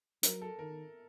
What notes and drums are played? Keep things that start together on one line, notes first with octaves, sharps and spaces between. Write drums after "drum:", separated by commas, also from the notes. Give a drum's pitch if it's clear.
F#3 A#4, drum: hi-hat
A4
D#3 A#4